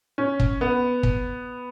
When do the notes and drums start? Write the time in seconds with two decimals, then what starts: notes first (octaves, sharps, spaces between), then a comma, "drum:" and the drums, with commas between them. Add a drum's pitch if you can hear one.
0.18 C#4
0.40 drum: kick
0.61 B3
1.03 drum: kick